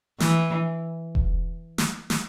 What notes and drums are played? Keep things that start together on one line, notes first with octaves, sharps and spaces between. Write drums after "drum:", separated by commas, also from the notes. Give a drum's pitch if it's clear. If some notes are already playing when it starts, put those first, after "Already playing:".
E3, drum: snare
drum: kick E1
drum: snare
drum: snare